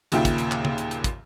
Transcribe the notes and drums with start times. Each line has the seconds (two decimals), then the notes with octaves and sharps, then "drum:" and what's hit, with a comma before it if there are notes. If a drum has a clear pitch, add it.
0.12 D#2 A#2 C#3 F4 E5 G5, drum: hi-hat
0.25 drum: kick, hi-hat
0.38 drum: hi-hat
0.51 drum: clap
0.65 drum: tom C#3
0.78 drum: hi-hat
0.91 drum: hi-hat
1.04 drum: kick, hi-hat